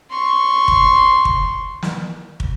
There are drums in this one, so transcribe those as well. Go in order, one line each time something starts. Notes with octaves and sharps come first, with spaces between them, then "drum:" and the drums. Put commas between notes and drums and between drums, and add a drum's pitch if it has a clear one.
C6 C#6
drum: kick
drum: kick
drum: snare
drum: kick